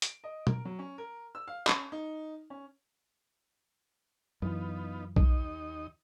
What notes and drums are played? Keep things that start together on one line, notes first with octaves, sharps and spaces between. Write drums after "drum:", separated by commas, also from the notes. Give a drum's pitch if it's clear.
D7, drum: hi-hat
D#5
A#4, drum: tom B2
F#3
C#4
A#4
E6
F5
C#4, drum: clap
D#4
C#4
F#2 E3 B3 D#4 F4
D#2 D#4 D#5, drum: kick B1